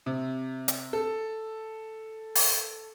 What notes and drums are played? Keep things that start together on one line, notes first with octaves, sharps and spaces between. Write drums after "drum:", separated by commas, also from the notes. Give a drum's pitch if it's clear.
C3
drum: hi-hat
A4
drum: open hi-hat